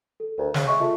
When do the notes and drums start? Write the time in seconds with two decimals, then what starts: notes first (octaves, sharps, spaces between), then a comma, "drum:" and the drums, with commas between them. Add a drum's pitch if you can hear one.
0.20 A4
0.38 D2 A#4
0.54 C#3, drum: snare
0.67 G#3 G#4 E5 C#6
0.80 A3 F4